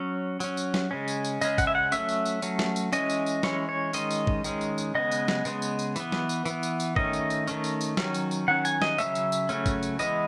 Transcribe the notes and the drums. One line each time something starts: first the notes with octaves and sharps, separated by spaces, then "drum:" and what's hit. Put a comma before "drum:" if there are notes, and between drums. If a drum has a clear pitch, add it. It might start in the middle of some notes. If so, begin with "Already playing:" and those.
Already playing: F#3 C#4
F#3 C#4, drum: tambourine
drum: tambourine
drum: snare
C#3 G#3 C#4
drum: tambourine
drum: tambourine
C#3 G#3 C#4 D#5, drum: tambourine
F#5, drum: kick A1, tambourine
E5
F#5
F#3 A3 C#4 E5, drum: tambourine
drum: tambourine
drum: tambourine
F#3 A3 C#4, drum: tambourine
drum: snare
drum: tambourine
E3 G#3 C#4 D#5, drum: tambourine
drum: tambourine
drum: tambourine
E3 G#3 C#4 C#5, drum: snare
C#5
D#3 G#3 C#4 D#5, drum: tambourine
drum: tambourine
drum: kick A1
D#3 G#3 C#4, drum: tambourine
drum: tambourine
drum: tambourine
C#3 G#3 B3 D#5
drum: tambourine
drum: snare
C#3 G#3 B3, drum: tambourine
drum: tambourine
drum: tambourine
E3 B3, drum: tambourine
drum: snare
drum: tambourine
E3 B3, drum: tambourine
drum: tambourine
drum: tambourine
D#3 A3 C#4 D#5, drum: kick A1
drum: tambourine
drum: tambourine
D#3 A3 C#4, drum: tambourine
drum: tambourine
drum: tambourine
D#3 F#3 C#4, drum: snare
drum: tambourine
drum: tambourine
D#3 F#3 C#4 F#5
G#5, drum: tambourine
D#5, drum: snare
C#3 F#3 A3 C#4 E5, drum: tambourine
drum: tambourine
drum: tambourine
C#3 F#3 A3 C#4, drum: tambourine
drum: kick A1, tambourine
drum: tambourine
E3 G#3 B3 D#5, drum: tambourine